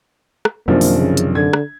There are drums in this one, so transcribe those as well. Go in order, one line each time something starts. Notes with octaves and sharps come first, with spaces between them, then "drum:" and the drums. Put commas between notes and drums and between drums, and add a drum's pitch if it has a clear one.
drum: rim click
A#1 F#2 C3 D#3 F3 A#3
drum: open hi-hat
C#3
drum: hi-hat
D3 G#6
drum: rim click